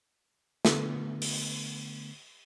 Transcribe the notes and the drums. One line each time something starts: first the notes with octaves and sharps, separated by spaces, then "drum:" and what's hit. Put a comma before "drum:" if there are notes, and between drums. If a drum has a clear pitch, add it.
D3 A3 B3, drum: snare
drum: open hi-hat